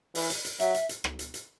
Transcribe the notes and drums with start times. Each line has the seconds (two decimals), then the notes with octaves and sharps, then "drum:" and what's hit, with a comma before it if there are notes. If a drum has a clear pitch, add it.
0.15 E3, drum: open hi-hat
0.30 drum: hi-hat
0.45 drum: hi-hat
0.60 F#3 E5, drum: hi-hat
0.74 drum: hi-hat
0.89 drum: hi-hat
1.04 drum: rim click
1.19 drum: hi-hat
1.34 drum: hi-hat